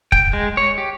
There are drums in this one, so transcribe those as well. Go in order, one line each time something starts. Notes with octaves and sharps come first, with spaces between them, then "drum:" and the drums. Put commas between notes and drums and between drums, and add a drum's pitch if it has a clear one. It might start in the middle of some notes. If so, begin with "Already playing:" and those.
G5, drum: kick
G#3
C#5
G4